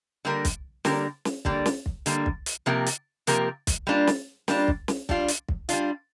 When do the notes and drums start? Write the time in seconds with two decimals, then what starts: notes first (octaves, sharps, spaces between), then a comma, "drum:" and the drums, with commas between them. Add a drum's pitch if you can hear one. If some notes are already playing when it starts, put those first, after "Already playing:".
0.25 D3 G3 A#3 G4 A#4
0.45 drum: kick, hi-hat
0.85 D3 G3 A#3 G4 A#4, drum: snare
1.25 drum: snare
1.45 D3 G3 A#3, drum: kick
1.66 drum: snare
1.86 drum: kick
2.06 D3 G3 A#3, drum: hi-hat
2.26 drum: kick
2.46 drum: hi-hat
2.66 C3 F3 A#3 G4 A#4
2.86 drum: hi-hat
3.27 C3 F3 A#3 G4 A#4, drum: hi-hat
3.67 drum: kick, hi-hat
3.87 G3 A#3 D4 F4
4.07 drum: snare
4.48 G3 A#3 D4 F4, drum: snare
4.68 drum: kick
4.88 drum: snare
5.09 G3 D4 F4, drum: kick
5.28 drum: hi-hat
5.49 drum: kick
5.69 G3 D4 F4, drum: hi-hat